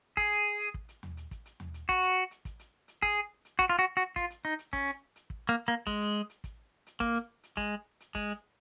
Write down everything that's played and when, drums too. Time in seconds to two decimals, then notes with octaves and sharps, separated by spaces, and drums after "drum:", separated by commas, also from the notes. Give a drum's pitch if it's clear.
0.17 G#4, drum: kick, hi-hat
0.32 drum: hi-hat
0.60 drum: hi-hat
0.74 drum: kick
0.89 drum: hi-hat
1.03 drum: tom
1.17 drum: hi-hat
1.31 drum: kick, hi-hat
1.46 drum: hi-hat
1.60 drum: tom
1.74 drum: hi-hat
1.89 F#4, drum: kick, hi-hat
2.02 drum: hi-hat
2.31 drum: hi-hat
2.45 drum: kick, hi-hat
2.59 drum: hi-hat
2.88 drum: hi-hat
3.02 G#4, drum: kick
3.45 drum: hi-hat
3.59 F#4, drum: kick, hi-hat
3.70 F4
3.79 F#4
3.97 F#4
4.16 F4, drum: kick, hi-hat
4.30 drum: hi-hat
4.45 D#4
4.59 drum: hi-hat
4.73 C#4, drum: kick, hi-hat
4.87 drum: hi-hat
5.16 drum: hi-hat
5.30 drum: kick
5.49 A#3
5.68 A#3
5.87 G#3, drum: kick, hi-hat
6.01 drum: hi-hat
6.30 drum: hi-hat
6.44 drum: kick, hi-hat
6.87 drum: hi-hat
7.00 A#3, drum: kick, hi-hat
7.15 drum: hi-hat
7.43 drum: hi-hat
7.57 G#3, drum: kick, hi-hat
8.00 drum: hi-hat
8.15 G#3, drum: kick, hi-hat
8.29 drum: hi-hat